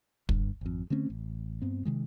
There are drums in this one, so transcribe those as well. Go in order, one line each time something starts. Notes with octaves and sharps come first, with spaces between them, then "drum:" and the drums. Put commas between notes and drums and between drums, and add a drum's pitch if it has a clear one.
G1 G2, drum: kick
G#1 F2
D3 A3 C4 C#4
A1
G2 B3 C4
C3 D#3 G#3